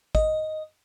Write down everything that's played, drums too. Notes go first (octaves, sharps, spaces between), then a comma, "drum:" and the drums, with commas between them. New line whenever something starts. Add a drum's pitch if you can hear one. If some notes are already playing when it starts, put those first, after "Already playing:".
D#5, drum: kick